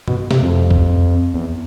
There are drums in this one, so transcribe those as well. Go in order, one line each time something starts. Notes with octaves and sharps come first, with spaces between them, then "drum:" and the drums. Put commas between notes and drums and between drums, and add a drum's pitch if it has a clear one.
B2, drum: tom G2
C3, drum: snare
F2
drum: kick
E2